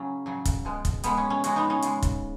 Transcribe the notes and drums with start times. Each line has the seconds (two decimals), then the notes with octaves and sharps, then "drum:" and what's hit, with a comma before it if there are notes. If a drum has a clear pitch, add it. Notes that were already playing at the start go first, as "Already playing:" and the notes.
Already playing: C#3 F#3 C#4
0.26 C#3 F#3
0.45 drum: kick, hi-hat
0.65 B2 G#3
0.85 drum: kick, hi-hat
1.03 B2 G#3 B3, drum: hi-hat
1.17 C#4
1.30 C#4
1.44 C#3 G#3 C#4 F#4, drum: hi-hat
1.56 B3 D#4
1.70 C#4
1.82 C#3 G#3, drum: hi-hat
2.03 drum: kick, hi-hat